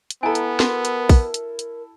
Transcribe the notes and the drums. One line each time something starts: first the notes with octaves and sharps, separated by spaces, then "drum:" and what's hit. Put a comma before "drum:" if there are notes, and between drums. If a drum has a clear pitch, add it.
drum: hi-hat
B3 E4 A4 G#5 A#5
drum: hi-hat
F#4 A#4, drum: snare
drum: hi-hat
drum: kick, open hi-hat
drum: hi-hat
drum: hi-hat